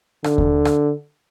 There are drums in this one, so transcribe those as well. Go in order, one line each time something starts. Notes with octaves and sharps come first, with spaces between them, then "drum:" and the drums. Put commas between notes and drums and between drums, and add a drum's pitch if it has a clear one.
D3, drum: rim click
drum: kick D#2
drum: rim click